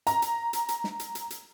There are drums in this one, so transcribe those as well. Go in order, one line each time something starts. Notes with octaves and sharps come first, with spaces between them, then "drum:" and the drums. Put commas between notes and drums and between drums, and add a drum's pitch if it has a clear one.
A#5, drum: hi-hat
drum: hi-hat
drum: hi-hat
drum: hi-hat
drum: snare
drum: hi-hat
drum: hi-hat
drum: hi-hat